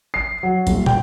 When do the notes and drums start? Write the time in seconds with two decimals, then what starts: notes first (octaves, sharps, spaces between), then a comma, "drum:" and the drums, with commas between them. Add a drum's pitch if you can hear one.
0.14 C7
0.43 F#3
0.67 D#1, drum: hi-hat
0.86 G5, drum: tom